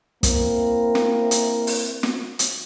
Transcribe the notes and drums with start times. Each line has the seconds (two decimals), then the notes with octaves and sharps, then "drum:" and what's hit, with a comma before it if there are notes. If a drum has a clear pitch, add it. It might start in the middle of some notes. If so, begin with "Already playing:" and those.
0.23 A#3 C4 E4 A#4, drum: kick, hi-hat
0.95 drum: snare
1.31 drum: hi-hat
1.67 drum: open hi-hat
2.03 drum: snare
2.39 drum: hi-hat